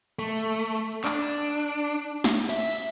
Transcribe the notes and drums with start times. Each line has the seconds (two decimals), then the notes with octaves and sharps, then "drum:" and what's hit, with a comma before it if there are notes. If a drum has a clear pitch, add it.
0.19 A3
1.04 D4, drum: clap
2.24 drum: snare
2.49 E5, drum: cymbal